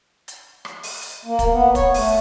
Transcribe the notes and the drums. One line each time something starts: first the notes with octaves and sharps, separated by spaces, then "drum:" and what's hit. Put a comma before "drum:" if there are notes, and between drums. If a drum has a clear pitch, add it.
drum: hi-hat
drum: rim click
drum: open hi-hat
drum: hi-hat
A#3
drum: kick, hi-hat
B3
C#5, drum: kick, hi-hat
A3, drum: open hi-hat